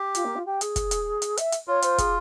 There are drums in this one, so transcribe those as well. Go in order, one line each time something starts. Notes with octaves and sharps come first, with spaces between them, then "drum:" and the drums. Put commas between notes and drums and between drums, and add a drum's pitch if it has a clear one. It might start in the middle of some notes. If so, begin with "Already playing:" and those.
Already playing: G4
F4, drum: hi-hat
A#3
F4
G4
G#4, drum: hi-hat
drum: kick, hi-hat
drum: hi-hat
drum: hi-hat
E5, drum: hi-hat
drum: hi-hat
F4 C#5
C5, drum: hi-hat
G#4, drum: kick, hi-hat